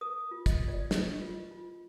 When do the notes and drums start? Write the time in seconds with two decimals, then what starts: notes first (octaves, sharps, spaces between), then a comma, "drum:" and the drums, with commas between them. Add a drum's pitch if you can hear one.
0.01 A#4 D#6
0.31 F4
0.46 D#5, drum: kick, hi-hat
0.61 F4
0.68 D5
0.91 A#4 D#5, drum: snare
1.21 F4
1.51 F4